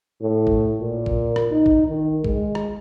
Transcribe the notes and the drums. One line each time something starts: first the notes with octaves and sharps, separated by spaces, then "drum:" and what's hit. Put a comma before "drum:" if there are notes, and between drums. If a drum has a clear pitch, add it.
A2
drum: kick
A#2
drum: kick
drum: rim click
D#4
drum: kick
D#3
G#3, drum: kick
drum: rim click